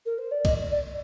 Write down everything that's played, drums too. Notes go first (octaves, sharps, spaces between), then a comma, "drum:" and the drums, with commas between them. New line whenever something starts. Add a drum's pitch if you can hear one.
A#4
C5
D5
D#5, drum: kick B1, cymbal
D5